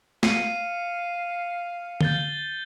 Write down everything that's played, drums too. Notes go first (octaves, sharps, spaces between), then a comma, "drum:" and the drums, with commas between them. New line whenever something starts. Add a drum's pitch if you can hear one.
F5 C7 C#7 D#7, drum: snare
G6 A6 G7, drum: tom D3